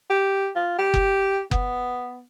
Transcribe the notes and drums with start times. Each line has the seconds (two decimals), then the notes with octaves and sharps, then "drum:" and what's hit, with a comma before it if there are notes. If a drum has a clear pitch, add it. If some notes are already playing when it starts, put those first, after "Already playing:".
0.10 G4
0.56 F4
0.79 G4
0.94 drum: kick F#1
1.51 B3, drum: kick F#1